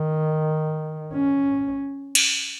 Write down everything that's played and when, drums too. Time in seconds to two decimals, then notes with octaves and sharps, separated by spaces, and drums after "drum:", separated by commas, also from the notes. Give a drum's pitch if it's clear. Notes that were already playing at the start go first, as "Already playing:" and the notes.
Already playing: D#3
1.13 C#4
2.15 drum: cymbal